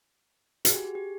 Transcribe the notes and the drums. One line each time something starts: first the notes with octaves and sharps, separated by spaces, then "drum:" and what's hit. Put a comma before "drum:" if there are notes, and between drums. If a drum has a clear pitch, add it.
F#4, drum: hi-hat
G#4
G4
G#4
G4